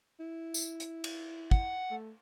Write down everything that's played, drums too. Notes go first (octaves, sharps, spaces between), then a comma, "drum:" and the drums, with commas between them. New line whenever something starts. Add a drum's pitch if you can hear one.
E4
drum: tambourine
drum: hi-hat
drum: cymbal
F#5, drum: kick
A3